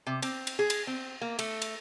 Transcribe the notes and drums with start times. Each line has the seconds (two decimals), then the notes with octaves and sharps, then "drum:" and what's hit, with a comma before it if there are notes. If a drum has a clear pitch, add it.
0.07 C3
0.22 C4, drum: cymbal
0.47 drum: cymbal
0.59 G#4
0.70 drum: cymbal
0.87 C4
1.21 A#3
1.39 A3, drum: cymbal
1.62 drum: cymbal